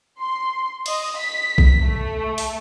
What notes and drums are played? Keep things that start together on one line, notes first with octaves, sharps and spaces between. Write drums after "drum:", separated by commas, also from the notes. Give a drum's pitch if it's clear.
C6
D#5, drum: cymbal
B6
drum: kick B1
A3
drum: open hi-hat